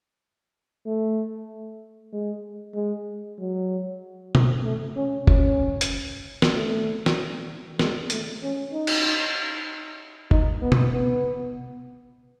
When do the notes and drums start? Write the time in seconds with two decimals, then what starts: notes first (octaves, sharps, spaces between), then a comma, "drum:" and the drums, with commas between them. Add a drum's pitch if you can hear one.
0.86 A3
2.12 G#3
2.74 G#3
3.39 F#3
4.35 drum: tom B2
4.64 A3
4.96 C#4
5.27 C#4, drum: kick
5.81 drum: hi-hat
6.42 drum: snare
6.53 A3
7.06 drum: snare
7.79 G#3, drum: snare
8.10 A3, drum: hi-hat
8.42 C#4
8.73 D#4
8.87 drum: cymbal
10.31 D#4, drum: kick
10.62 B3
10.72 drum: tom B2
10.94 B3